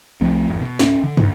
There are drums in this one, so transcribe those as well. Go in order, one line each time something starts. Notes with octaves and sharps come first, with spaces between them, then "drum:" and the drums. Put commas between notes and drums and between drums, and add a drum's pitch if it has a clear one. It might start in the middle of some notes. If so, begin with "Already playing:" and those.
C2 F3 A3 C4
G1 E2
B2
D1 A2 C#4, drum: snare
D3
D2, drum: tom